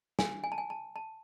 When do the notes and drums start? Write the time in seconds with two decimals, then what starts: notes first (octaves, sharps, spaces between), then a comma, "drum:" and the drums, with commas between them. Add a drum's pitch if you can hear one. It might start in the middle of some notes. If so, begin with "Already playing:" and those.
0.19 G#5, drum: snare
0.44 G#5
0.52 A5
0.58 G#5
0.70 A5
0.96 A5